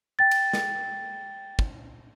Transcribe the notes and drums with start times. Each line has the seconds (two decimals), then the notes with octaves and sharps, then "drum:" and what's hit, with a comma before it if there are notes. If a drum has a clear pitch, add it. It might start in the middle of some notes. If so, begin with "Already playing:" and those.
0.19 G5 A6
0.31 drum: cymbal
0.53 drum: snare
1.59 drum: kick